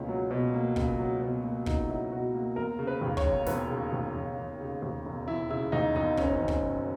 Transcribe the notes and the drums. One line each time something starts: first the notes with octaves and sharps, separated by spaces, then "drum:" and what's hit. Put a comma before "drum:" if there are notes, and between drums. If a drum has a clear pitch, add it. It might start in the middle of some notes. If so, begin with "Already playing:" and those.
Already playing: C#2 B2 A#3 C#4
F#3
B2
A#3
C#2, drum: kick
F#3
B2
A#3
C#2 D#4, drum: kick
F#3 E4
B2 F#4
A#3
E1 A#4
C#3
B4
D#2
C#5, drum: kick
E1
E1 B4, drum: snare
C#3
D#2
E1
E1
C#3
D#2
E1
E1 E4
C#3 E4
D#2 D#4
E1 D#4
F#1 C#4, drum: kick
D#4
C#4
D#3
C#4, drum: kick
F#2